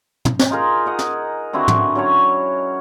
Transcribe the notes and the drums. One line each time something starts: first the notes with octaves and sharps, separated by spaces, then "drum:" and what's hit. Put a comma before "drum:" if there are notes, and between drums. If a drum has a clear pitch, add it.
drum: tom
drum: snare
D#4 F4 G#4 A#4
A#4 D#5 F#5
drum: snare
D3 C4 E4 F#4
drum: tom
F#3 C#4 C#5